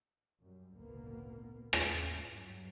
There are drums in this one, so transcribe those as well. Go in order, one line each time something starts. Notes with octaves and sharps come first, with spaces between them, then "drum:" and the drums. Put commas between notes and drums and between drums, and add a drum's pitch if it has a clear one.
F#2 G3
G#1 D2 A#2 C#3 A#3 B3
G#2, drum: rim click
G2 F#3